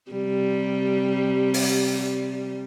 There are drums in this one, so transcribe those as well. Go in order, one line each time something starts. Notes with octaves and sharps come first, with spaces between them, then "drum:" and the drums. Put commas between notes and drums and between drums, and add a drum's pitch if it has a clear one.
C3 G3
drum: open hi-hat